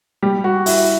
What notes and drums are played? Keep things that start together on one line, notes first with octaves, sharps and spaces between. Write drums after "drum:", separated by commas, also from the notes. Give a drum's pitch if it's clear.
G3 G4
F#4
E4, drum: open hi-hat